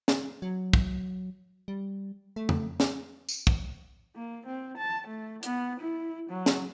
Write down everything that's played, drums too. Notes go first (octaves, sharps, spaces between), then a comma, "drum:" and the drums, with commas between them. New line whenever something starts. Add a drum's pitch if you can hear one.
drum: snare
F#3
drum: kick
G3
A3
drum: tom
drum: snare
drum: tambourine
drum: kick
A#3
C4
A5
A3
B3, drum: hi-hat
E4
F#3
drum: snare